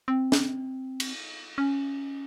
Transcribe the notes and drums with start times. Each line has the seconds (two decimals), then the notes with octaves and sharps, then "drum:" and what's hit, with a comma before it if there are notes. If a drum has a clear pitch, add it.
0.08 C4
0.32 drum: snare
1.00 drum: cymbal
1.58 C#4